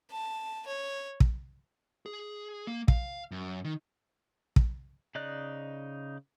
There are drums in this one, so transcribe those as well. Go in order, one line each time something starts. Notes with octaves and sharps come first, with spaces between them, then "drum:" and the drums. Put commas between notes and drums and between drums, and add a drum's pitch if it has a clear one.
A5
C#5
drum: kick
G#4
A#3
F5, drum: kick
F#2
D#3
drum: kick
C#3 D#4 D5 D#5 F#6